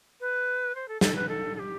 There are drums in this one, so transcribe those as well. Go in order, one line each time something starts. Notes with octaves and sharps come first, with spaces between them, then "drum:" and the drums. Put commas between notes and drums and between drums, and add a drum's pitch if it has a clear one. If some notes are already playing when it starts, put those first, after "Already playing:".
B4
C5
A4
A4, drum: snare
B4
A4
A4
G4